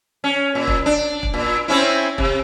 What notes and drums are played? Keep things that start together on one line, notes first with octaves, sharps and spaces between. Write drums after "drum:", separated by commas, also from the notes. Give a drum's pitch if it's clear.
C#4
A#2
drum: kick
D4
drum: kick
A#2
C4 C#4 E4
C3, drum: kick